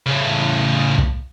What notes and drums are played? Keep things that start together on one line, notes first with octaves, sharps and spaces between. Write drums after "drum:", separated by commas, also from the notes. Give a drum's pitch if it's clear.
A2 C#3
drum: kick